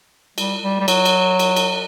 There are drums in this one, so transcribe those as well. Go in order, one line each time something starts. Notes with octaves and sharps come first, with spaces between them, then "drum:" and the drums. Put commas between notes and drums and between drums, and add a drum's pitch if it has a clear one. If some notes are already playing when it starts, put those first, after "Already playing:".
G3, drum: cymbal
G3
G3
F#3, drum: cymbal
drum: cymbal
drum: cymbal
drum: cymbal